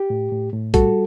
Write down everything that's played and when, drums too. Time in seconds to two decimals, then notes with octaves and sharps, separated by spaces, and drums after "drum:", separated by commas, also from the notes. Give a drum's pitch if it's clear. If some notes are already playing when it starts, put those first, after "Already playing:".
Already playing: G4
0.10 A2
0.32 A2
0.53 A2
0.74 G3 F#4 A4, drum: kick A#1, hi-hat